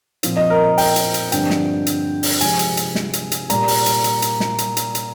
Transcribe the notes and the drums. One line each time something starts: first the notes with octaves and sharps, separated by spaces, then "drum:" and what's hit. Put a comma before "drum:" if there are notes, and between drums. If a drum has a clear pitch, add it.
A#2 F3 C4, drum: hi-hat
D#5
A#4
A#4
G5, drum: open hi-hat
drum: hi-hat
drum: hi-hat
G2 D3 F3 C4 G5, drum: hi-hat
drum: snare
drum: hi-hat
drum: open hi-hat
C3 F3 G#3 C4 G#5, drum: hi-hat
drum: hi-hat
drum: hi-hat
drum: snare
drum: hi-hat
drum: hi-hat
A#2 G3 A#3 A#5, drum: hi-hat
drum: open hi-hat
drum: hi-hat
drum: hi-hat
drum: hi-hat
drum: snare
drum: hi-hat
drum: hi-hat
drum: hi-hat